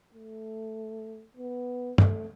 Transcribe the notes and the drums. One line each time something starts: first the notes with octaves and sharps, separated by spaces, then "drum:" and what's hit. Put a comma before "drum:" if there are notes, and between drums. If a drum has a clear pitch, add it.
A3
B3
A3, drum: tom